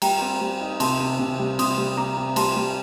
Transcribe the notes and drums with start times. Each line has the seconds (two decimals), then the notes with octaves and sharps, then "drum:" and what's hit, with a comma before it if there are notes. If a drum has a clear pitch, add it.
0.02 G3 G5 A#5, drum: cymbal
0.21 C4
0.41 G3
0.61 D#4
0.80 C3 A5 C6, drum: cymbal
1.00 C3
1.19 C3
1.39 G3
1.59 C3 C6 D#6, drum: cymbal
1.78 G3
1.97 C3 A#5 D6
2.17 C3
2.36 G3 A5 C6, drum: cymbal
2.56 G3